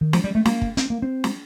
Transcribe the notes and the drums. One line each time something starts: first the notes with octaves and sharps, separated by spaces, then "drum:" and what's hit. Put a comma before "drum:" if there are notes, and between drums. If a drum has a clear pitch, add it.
D#3
F3, drum: snare
G3
A3
A#3, drum: snare
drum: kick
C4, drum: hi-hat
A#3
C4
drum: snare